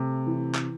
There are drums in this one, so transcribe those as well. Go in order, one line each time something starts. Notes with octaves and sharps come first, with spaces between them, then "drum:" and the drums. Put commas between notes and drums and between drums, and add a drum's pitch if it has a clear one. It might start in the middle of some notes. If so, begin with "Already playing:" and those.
Already playing: C3 A3
E3
drum: clap